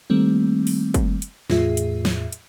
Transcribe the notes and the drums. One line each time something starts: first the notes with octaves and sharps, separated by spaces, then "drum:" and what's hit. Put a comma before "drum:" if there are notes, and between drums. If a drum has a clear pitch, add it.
D#3 G3 A3 A#3 C4
drum: open hi-hat
drum: kick, hi-hat
drum: hi-hat
E2 A2 F4 G#4 E5, drum: snare
drum: hi-hat
drum: snare
drum: hi-hat